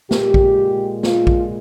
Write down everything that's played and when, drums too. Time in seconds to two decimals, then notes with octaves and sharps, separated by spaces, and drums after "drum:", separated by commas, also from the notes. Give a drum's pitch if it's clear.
0.11 A#2 G#3 G4, drum: snare
0.34 drum: kick
1.03 F4, drum: snare
1.27 drum: kick